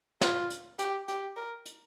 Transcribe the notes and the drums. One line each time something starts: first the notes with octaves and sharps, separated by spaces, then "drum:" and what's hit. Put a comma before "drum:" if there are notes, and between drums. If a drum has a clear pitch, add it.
F4, drum: snare
drum: hi-hat
G4, drum: hi-hat
G4, drum: hi-hat
A#4
drum: hi-hat